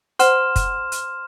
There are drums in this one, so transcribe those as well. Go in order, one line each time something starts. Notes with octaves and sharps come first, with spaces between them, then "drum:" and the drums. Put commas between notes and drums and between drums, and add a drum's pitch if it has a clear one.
C5 F#5 C6 F6 E7, drum: hi-hat
drum: kick, hi-hat
drum: hi-hat